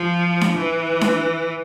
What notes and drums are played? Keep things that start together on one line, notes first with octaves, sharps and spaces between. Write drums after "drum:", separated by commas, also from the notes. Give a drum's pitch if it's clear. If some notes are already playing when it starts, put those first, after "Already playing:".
Already playing: F3
drum: snare D4
E3
drum: snare D4